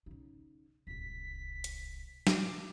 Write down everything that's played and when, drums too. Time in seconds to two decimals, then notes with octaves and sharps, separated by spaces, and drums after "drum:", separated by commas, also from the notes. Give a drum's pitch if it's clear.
0.06 C#3 D#4
0.87 D1 C2 B6
1.64 drum: hi-hat
2.27 D6, drum: snare